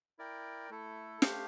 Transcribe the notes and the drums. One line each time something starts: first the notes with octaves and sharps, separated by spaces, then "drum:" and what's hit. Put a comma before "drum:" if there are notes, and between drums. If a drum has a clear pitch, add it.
E4 A#4 D5 G5
A3 E4 A4
A3 D4 G4 C5 F5, drum: snare